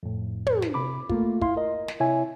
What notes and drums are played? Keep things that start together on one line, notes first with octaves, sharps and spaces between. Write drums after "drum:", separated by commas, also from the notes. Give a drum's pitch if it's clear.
F2 A2
drum: tom
drum: snare
C3 B5 D6
A3 A#3 F4, drum: kick
E4 F5 C6, drum: kick
A#4 D#5
drum: snare
C3 E4 C#5 E5 G#5